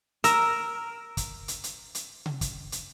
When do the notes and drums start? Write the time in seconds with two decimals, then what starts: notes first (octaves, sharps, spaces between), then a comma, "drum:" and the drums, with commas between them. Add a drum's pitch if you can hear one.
0.24 A#4 E6, drum: hi-hat
1.17 drum: kick, hi-hat
1.48 drum: hi-hat
1.64 drum: hi-hat
1.95 drum: hi-hat
2.26 drum: tom C3
2.41 drum: kick, hi-hat
2.72 drum: hi-hat